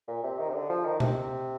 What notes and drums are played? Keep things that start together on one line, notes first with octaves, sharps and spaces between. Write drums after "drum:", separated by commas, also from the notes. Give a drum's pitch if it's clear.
A#2
C3
D#3
C3
D3
F3
D#3
C3, drum: tom B2